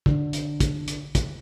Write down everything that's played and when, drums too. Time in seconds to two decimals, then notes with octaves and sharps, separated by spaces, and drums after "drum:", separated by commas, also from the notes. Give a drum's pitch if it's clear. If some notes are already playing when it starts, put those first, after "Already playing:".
0.06 D3, drum: kick
0.33 drum: hi-hat
0.60 drum: kick, hi-hat
0.88 drum: hi-hat
1.15 drum: kick, hi-hat